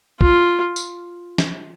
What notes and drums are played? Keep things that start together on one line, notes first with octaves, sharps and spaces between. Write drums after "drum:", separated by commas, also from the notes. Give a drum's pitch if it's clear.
F4, drum: kick
drum: tambourine
drum: snare